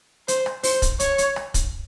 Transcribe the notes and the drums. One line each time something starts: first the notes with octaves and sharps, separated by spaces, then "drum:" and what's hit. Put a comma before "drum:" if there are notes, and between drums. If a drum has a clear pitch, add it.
C5, drum: hi-hat
drum: rim click
C5, drum: open hi-hat
drum: kick, hi-hat
C#5, drum: hi-hat
drum: hi-hat
drum: rim click
drum: kick, hi-hat